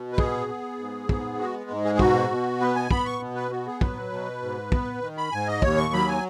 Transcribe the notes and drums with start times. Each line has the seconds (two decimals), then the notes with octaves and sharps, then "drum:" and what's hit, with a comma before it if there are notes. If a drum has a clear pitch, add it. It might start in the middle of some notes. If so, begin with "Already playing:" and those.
Already playing: B2
0.13 B4
0.18 B3 G#4, drum: kick
0.48 B3
0.79 G#2
1.09 B3, drum: kick
1.39 G#3 F#4
1.70 G#2
1.85 G#4
1.95 G#4
1.99 B2 F#4, drum: kick
2.30 B2
2.60 B3 B4
2.75 G#5
2.91 B3 B5, drum: kick
3.06 C#6
3.20 B2
3.35 B4
3.51 B3 F#4
3.67 G#4
3.81 F#3 B4, drum: kick
4.11 B2
4.42 G#2
4.72 B3, drum: kick
5.02 D#3
5.18 B5
5.32 G#2 G#5
5.48 D#5
5.62 D#2 C#5, drum: kick
5.78 C#6
5.93 F#3 B5
6.08 G#5